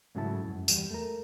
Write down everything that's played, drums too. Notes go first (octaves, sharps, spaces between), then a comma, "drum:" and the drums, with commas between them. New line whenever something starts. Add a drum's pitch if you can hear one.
G#2 C#3 F#3 A3 E4 A5
C#2 F#2
E2 G3, drum: tambourine
A3 A#4